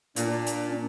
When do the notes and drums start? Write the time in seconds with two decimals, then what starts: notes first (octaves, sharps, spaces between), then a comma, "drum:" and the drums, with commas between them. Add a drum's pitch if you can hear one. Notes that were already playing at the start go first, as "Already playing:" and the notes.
0.16 A#2 D4, drum: hi-hat
0.46 drum: hi-hat
0.70 C#4